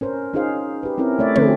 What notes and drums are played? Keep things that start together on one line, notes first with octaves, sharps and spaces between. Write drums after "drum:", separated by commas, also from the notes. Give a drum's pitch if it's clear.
C#4 A#4 C5
C#4 D#4 F4 G#4 C5 F5
G4 B4
C4 C#4 E4 A#4
A3 C#5 D5 E5
D3 F3 A3 C4 C#4, drum: tom